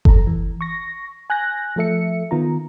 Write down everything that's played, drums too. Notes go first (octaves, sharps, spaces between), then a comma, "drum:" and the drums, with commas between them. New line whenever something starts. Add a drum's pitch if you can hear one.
A4 A#5, drum: kick F#1
E3
C#6 A#6
G#5 F#6 G6 A#6
F3 A3 A4 E5 C#7
D#3 B3 F4 A#5